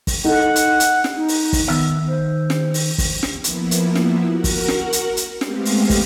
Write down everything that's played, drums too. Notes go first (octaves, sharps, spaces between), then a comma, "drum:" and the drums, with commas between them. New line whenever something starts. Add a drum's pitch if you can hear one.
drum: kick, open hi-hat
D#4 A4 F#5
drum: hi-hat
drum: hi-hat
drum: snare
D#4
drum: open hi-hat
drum: kick, open hi-hat
D#3 B3 E5
C5
drum: snare
drum: open hi-hat
drum: kick, open hi-hat
drum: snare
F3 A#3 B3 E4, drum: hi-hat
drum: hi-hat
drum: snare
F#4 A#4 F#5
drum: kick, open hi-hat
drum: snare
drum: hi-hat
drum: hi-hat
G#3 A3 B3 C4 G4 F5, drum: snare
drum: open hi-hat
drum: kick, open hi-hat